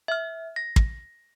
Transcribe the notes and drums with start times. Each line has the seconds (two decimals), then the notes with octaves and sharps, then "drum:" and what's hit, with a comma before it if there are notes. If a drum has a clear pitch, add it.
0.08 E5 F6
0.56 A#6
0.76 drum: kick